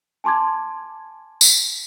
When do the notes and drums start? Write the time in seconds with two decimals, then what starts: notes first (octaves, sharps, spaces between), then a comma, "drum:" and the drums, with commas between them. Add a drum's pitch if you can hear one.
0.24 G#5 A5 C6 D6 G#6
1.41 drum: tambourine